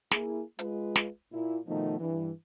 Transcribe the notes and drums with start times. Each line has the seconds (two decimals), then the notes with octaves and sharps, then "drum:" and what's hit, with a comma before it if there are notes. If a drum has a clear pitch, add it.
0.11 A#3 E4 G#4, drum: snare
0.59 G#3 F4 B4, drum: hi-hat
0.96 drum: snare
1.32 A#2 E4
1.67 B2 D#3 F3 A3 B3 D#4
1.99 G2 E3